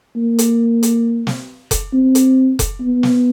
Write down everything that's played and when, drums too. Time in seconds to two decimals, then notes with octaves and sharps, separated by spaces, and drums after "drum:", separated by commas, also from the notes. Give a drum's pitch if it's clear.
0.16 A#3
0.39 drum: hi-hat
0.83 drum: hi-hat
1.27 drum: snare
1.71 drum: kick F1, hi-hat
1.93 C4
2.15 drum: hi-hat
2.59 drum: kick F1, hi-hat
2.81 B3
3.03 drum: snare